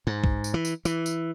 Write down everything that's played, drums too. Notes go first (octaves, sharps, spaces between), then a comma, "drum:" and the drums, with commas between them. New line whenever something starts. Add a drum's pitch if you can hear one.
G#2
drum: kick
drum: tambourine
E3
drum: tambourine
E3, drum: tambourine
drum: tambourine